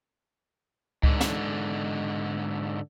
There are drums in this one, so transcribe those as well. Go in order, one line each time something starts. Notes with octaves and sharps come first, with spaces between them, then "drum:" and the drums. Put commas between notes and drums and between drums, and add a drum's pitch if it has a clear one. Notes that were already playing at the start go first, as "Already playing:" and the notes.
G#2 D3, drum: kick C#2
drum: snare